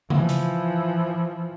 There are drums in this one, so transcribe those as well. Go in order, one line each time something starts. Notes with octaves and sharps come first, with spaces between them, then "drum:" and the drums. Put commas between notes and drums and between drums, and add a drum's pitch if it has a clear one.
E3 F3, drum: tom C#3
drum: hi-hat